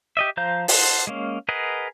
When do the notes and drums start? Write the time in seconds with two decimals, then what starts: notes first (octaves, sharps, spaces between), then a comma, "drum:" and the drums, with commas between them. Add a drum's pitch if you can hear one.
0.17 G4 D#5 E5
0.37 F3 C5 F5 A#5 G6
0.68 A4 C5 F#5, drum: open hi-hat
1.07 G#3 A#3 C#4
1.49 G#4 A#4 B4 D#5 F#5